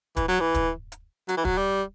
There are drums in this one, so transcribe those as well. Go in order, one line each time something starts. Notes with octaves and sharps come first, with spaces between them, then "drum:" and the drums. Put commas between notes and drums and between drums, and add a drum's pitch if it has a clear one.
E3, drum: kick, hi-hat
F#3
E3
drum: kick, hi-hat
drum: hi-hat
F#3, drum: hi-hat
E3
F#3, drum: kick
G3